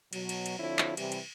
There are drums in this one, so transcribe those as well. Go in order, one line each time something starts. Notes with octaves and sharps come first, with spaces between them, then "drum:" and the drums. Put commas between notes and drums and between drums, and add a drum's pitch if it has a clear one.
B2 F#3, drum: cymbal
drum: cymbal
drum: cymbal
D3 F3 C4 E4 F#4 C#5
drum: clap
C3 E3 G3, drum: cymbal
drum: cymbal